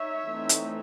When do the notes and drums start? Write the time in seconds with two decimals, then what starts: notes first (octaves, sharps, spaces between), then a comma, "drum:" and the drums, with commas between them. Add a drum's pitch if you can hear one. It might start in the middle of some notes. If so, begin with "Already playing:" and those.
Already playing: D#4 C#5 E5
0.27 E3 A3 C4 D#4
0.49 drum: hi-hat